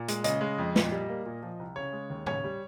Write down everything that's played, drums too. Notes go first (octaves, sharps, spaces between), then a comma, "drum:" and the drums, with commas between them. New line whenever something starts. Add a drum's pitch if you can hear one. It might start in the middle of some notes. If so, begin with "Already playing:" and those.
Already playing: A#2
G#3, drum: hi-hat
C#3 D#5, drum: hi-hat
G#3
F2
A#2, drum: snare
G3
A#3
A#2
F3
C2
C#3 C#5
G#3
D#2
C#3 C#5, drum: tom
G3